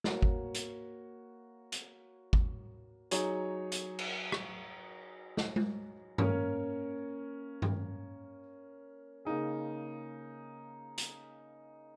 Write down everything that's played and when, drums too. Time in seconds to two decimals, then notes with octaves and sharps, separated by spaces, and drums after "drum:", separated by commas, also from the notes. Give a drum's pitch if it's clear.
0.04 A#3 F#4 C#5, drum: snare
0.22 drum: kick G#1
0.55 drum: hi-hat
1.72 drum: hi-hat
2.33 drum: kick G#1
3.11 F#3 D#4 G#4 C#5, drum: hi-hat
3.72 drum: hi-hat
3.99 drum: cymbal
4.32 drum: rim click
5.37 drum: snare
5.56 drum: tom G#3
6.18 A#3 C#4 A#4 C#5, drum: tom G2
7.62 drum: tom G2
9.25 C#3 A#3 D#4 G#4
10.98 drum: hi-hat